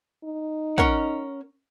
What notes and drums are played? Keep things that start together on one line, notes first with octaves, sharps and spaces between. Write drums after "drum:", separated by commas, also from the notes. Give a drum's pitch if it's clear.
D#4
C#4 A#4 F#5, drum: kick